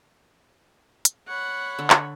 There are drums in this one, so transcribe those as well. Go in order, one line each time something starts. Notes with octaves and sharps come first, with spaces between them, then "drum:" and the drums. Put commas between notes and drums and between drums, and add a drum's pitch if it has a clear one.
drum: hi-hat
C#5 F#5 B5
D3
drum: clap